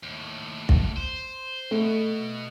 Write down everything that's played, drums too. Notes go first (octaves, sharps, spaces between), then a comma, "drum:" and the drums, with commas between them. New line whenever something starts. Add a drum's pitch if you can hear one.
D#2 A2
drum: kick
C5
B2 A3